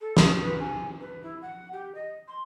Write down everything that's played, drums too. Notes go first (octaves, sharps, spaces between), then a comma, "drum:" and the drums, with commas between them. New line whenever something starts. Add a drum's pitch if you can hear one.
A4
D#6, drum: snare
B4
G#5
B4
E4
F#5
G4
D#5
C6